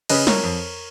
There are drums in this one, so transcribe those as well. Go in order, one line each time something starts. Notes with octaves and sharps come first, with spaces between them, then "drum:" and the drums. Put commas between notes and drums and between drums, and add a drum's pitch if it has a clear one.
C#3 B4 D#5, drum: cymbal
A#4 C#5, drum: snare
F2